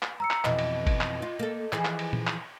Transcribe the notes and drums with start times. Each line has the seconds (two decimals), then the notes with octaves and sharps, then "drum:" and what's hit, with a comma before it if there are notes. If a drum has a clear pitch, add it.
0.02 drum: clap
0.20 A#5 E6 C#7
0.30 drum: clap
0.45 F2 B2 E3 D#5, drum: clap
0.59 drum: cymbal
0.87 drum: kick G1, cymbal
1.01 drum: clap
1.22 F4
1.39 A#3 A4
1.72 E3 F3 G#4, drum: clap
1.85 drum: clap
1.99 drum: cymbal
2.13 drum: tom A#2
2.27 drum: clap